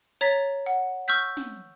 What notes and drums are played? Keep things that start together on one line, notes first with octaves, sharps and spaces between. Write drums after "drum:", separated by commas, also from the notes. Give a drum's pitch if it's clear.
C#5 A#5 A6 B6
F#5, drum: hi-hat
C#6 E6 F6 G6 B6
drum: snare